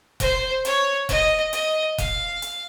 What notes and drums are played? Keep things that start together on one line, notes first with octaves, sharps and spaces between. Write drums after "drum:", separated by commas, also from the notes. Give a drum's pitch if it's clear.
C5, drum: kick F1, hi-hat
C#5, drum: hi-hat
D#5, drum: kick F1, hi-hat
D#5, drum: hi-hat
F5, drum: kick F1, hi-hat
drum: hi-hat